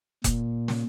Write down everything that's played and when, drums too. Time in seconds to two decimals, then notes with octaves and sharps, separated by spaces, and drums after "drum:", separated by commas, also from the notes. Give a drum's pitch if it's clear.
0.24 A#2, drum: kick F1, hi-hat
0.68 drum: snare